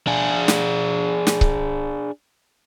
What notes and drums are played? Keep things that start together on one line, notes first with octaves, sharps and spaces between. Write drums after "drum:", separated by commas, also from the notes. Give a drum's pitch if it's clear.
D4 G#4
drum: snare
drum: snare
drum: kick C#1